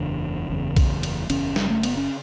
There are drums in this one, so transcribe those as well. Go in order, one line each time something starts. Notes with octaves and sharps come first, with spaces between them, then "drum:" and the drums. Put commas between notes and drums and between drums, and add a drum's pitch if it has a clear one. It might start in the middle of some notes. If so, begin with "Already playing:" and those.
Already playing: F#1 E2 C#3 D4
F#1 E2 C#3
drum: kick A#1, cymbal
drum: cymbal
F#1 E2 C#3 C#4, drum: cymbal
G3, drum: snare
A3
B3, drum: cymbal
C#4